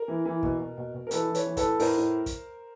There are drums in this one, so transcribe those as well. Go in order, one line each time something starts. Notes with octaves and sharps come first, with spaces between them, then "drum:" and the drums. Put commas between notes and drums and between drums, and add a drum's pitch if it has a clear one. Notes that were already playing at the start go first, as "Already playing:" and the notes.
Already playing: A#4
E3
E3
B2, drum: kick
B2
B2
B2
A#4
E3 A4 B4, drum: hi-hat
E3
B4 C#5, drum: hi-hat
E3
A4 B4, drum: kick, hi-hat
A2
A2 A#4 C5, drum: open hi-hat
A2
drum: kick, hi-hat